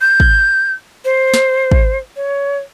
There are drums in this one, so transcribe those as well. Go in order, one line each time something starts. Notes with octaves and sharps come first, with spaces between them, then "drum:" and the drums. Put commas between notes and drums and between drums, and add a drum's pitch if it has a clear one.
G6
drum: kick
C5
drum: snare
drum: kick
C#5